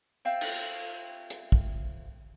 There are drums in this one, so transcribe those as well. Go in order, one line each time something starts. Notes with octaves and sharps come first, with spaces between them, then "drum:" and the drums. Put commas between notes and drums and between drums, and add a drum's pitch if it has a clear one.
C4 F4 E5 G5
drum: cymbal
drum: hi-hat
drum: kick